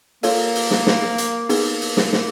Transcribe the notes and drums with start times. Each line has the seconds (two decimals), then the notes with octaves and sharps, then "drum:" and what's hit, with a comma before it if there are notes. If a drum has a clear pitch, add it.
0.23 A#3 F4 A4 C#5 F5, drum: open hi-hat
0.55 drum: open hi-hat
0.71 drum: snare
0.87 drum: snare
1.18 drum: hi-hat
1.49 A#3 B3 D#4 G#4 B4, drum: open hi-hat
1.81 drum: open hi-hat
1.97 drum: snare
2.13 drum: snare